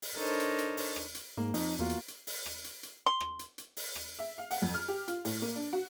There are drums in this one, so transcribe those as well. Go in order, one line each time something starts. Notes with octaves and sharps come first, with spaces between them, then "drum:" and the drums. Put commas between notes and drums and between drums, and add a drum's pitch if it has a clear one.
drum: open hi-hat
D4 D#4 A4 A#4 C5 C#5
drum: hi-hat
drum: hi-hat
drum: open hi-hat
drum: rim click
drum: hi-hat
G#2 A#3
F2 D#4, drum: open hi-hat
E2 A#3 F4 F#4
drum: hi-hat
drum: hi-hat
drum: open hi-hat
drum: rim click
drum: hi-hat
drum: hi-hat
C6
drum: rim click
drum: hi-hat
drum: hi-hat
drum: open hi-hat
drum: rim click
E5
F5
F#5, drum: open hi-hat
F2
F6
G4
F4, drum: hi-hat
A2, drum: open hi-hat
A#3
D4
F#4